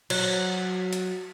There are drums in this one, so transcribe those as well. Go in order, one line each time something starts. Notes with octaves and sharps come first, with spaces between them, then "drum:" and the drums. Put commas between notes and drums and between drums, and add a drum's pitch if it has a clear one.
F#3, drum: cymbal
drum: hi-hat